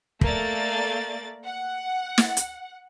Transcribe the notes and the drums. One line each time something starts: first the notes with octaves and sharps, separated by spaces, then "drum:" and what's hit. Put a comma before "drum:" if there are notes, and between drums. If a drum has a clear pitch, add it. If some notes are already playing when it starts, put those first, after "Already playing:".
A3 A#3 D5 A6, drum: kick
F#5
drum: snare
drum: hi-hat